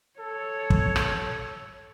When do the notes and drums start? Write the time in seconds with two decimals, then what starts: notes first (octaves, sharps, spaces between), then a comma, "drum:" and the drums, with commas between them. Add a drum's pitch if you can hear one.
0.20 A4 C#5
0.70 drum: kick
0.96 drum: rim click